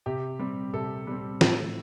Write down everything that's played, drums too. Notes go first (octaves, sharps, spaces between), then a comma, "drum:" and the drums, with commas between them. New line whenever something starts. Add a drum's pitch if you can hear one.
C3 G4
G3 C4
C3 A4
G3 C4
A2 A4, drum: snare